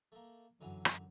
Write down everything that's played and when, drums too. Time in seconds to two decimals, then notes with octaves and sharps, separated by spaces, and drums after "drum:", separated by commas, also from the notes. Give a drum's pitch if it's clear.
0.12 A3 A#3
0.61 F#2 D3 E3 F#3
0.85 drum: rim click